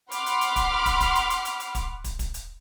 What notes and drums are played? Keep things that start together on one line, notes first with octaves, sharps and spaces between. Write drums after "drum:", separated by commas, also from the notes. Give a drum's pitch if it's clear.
F#5 B5 C6 D6 F6, drum: hi-hat
drum: hi-hat
drum: hi-hat
drum: kick, hi-hat
drum: kick, hi-hat
drum: kick, hi-hat
drum: hi-hat
drum: hi-hat
drum: hi-hat
drum: hi-hat
drum: kick, hi-hat
drum: kick, hi-hat
drum: kick, hi-hat
drum: hi-hat